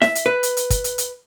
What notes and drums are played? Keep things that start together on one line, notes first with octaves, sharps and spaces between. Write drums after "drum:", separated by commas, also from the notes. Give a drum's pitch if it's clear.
E5, drum: snare
drum: hi-hat
B4
drum: hi-hat
drum: hi-hat
drum: kick, hi-hat
drum: hi-hat
drum: hi-hat